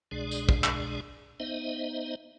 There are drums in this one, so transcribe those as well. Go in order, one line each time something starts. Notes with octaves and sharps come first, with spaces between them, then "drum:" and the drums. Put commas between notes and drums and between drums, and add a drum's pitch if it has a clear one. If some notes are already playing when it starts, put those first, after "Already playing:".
C2 B2 G#3 D4 G#4 D5
drum: tambourine
drum: kick
drum: clap
B3 D#4 C5 D#5 E5